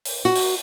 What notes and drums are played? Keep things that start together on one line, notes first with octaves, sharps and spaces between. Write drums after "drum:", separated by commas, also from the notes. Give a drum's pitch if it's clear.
drum: open hi-hat
F#4
drum: open hi-hat